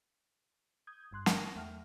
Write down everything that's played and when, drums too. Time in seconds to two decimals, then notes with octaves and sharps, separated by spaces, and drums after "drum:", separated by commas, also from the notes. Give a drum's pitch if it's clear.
0.87 D#6 G6 G#6
1.11 G1 G2 C6 F#6
1.26 A#4 A5 C#6 A#6, drum: snare
1.56 E2 A3 E5 F#5 G5 F6